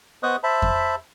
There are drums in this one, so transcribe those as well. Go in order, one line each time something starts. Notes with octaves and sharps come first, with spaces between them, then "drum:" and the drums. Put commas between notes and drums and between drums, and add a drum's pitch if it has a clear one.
B3 C5 D#5 C#6 D#6 F#6
C5 E5 A5 B5
drum: kick F2